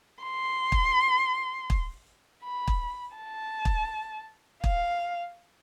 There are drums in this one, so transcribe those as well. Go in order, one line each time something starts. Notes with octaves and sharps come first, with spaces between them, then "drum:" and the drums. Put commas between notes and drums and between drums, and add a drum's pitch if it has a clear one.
C6
drum: kick
drum: kick
B5
drum: kick
A5
drum: kick
F5, drum: kick